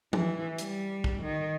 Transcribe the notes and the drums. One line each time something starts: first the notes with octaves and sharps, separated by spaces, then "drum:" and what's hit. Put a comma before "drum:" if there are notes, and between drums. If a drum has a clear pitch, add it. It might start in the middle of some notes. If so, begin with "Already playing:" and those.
E3, drum: tom F3
G3, drum: hi-hat
drum: kick
D#3